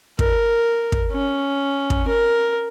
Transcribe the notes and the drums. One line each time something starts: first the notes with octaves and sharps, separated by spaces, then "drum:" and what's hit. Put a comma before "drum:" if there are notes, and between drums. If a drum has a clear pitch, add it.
A#4, drum: kick
drum: kick
C#4
drum: kick
A#4